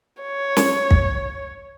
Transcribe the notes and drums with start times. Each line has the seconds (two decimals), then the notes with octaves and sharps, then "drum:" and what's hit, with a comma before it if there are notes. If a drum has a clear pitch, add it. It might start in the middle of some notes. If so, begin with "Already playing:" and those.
0.22 C#5
0.57 drum: snare
0.91 drum: kick